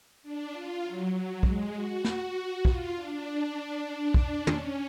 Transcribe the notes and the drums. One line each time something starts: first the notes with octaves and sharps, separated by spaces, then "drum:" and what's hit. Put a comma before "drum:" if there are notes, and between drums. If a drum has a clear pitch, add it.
D4
F4
F#3
F#3
G#3, drum: kick
F#4
F#4, drum: snare
F4, drum: kick
D4
drum: kick
C#4, drum: tom